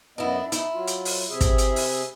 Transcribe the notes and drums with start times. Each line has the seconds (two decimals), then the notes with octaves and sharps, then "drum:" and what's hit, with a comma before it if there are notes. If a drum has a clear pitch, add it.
0.18 F#2 B3 D4 E4 D#5
0.52 D#4 E4, drum: hi-hat
0.74 F#3 F4
0.88 drum: hi-hat
1.05 drum: open hi-hat
1.30 C3 G#4 E5
1.41 drum: kick, hi-hat
1.58 drum: hi-hat
1.76 drum: open hi-hat